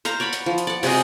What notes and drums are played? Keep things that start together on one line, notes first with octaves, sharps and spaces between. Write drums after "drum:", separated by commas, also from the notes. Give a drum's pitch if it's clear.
C5 F5 A#5, drum: hi-hat
C#5 D5 F#5 B5
drum: hi-hat
F3
drum: hi-hat
D5 F#5
C3 G#3 F#4 G#4, drum: open hi-hat